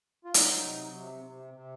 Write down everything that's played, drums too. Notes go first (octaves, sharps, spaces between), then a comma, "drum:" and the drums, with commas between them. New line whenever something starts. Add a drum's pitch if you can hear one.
F4
F#3 D#4, drum: hi-hat
C3
C3
C3
C3